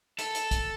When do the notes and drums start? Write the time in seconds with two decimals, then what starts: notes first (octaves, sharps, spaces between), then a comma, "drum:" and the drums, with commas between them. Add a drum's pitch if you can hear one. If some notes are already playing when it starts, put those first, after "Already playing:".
0.18 A4, drum: hi-hat
0.35 drum: hi-hat
0.51 drum: kick, hi-hat